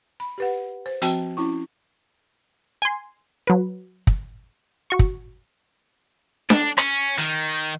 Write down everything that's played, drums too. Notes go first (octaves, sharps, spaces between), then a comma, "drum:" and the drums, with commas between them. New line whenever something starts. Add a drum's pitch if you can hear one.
B5
G4 B4 F#5
C5
F3 C4 F#4 G5 A5, drum: hi-hat
C#4 E4 C#6
G#5 C6
F#3 B4
drum: kick
F#4 C#6
drum: kick
D4, drum: snare D4
C#4, drum: rim click
D#3, drum: hi-hat